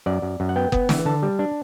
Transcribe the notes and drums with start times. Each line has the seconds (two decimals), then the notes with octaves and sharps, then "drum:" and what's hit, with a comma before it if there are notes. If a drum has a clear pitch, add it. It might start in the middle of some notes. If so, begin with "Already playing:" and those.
0.06 F#2 D5
0.22 F#2
0.40 F#2
0.49 F#5
0.56 B3 G5
0.72 B3, drum: kick F#1
0.89 E3, drum: snare
1.05 D3 A5
1.23 G3
1.39 D4